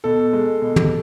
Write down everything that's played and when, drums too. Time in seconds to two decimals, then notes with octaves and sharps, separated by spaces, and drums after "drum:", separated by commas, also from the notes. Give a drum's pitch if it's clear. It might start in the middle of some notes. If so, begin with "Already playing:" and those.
0.04 B2 A4
0.33 G#3
0.62 B2
0.76 drum: tom